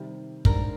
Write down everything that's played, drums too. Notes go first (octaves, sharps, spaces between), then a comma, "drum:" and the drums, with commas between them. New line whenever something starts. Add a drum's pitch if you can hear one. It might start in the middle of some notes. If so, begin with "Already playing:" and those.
Already playing: C3 D#3 G3
G#2 G3 D4 A#4, drum: kick